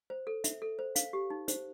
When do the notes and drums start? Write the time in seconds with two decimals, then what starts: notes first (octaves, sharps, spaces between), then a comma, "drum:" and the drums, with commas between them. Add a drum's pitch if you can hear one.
0.10 C5
0.27 A4
0.44 E5, drum: hi-hat
0.62 A4
0.79 C5
0.95 F5, drum: hi-hat
1.13 G4
1.30 D#4
1.48 C5, drum: hi-hat